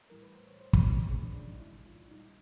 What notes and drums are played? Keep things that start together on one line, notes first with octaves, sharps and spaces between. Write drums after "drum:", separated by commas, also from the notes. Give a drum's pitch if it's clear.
A2 E3 G3 A#4
B4
C5
C#5
C5
F#4, drum: kick
G4
C#3 F3 G#3 G#4
D4
D4
D#4
E4
F4
A#2 G3 D#4